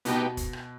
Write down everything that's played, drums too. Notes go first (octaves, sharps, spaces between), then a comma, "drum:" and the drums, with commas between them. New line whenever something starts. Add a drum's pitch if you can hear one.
B2 B3 D#4 G4, drum: hi-hat
drum: kick, hi-hat
drum: rim click